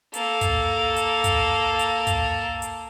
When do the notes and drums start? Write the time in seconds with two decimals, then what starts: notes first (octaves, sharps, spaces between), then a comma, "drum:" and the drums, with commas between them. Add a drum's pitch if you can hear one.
0.14 A#3 A4, drum: hi-hat
0.41 drum: kick, hi-hat
0.96 drum: hi-hat
1.24 drum: kick, hi-hat
1.79 drum: hi-hat
2.07 drum: kick, hi-hat
2.62 drum: hi-hat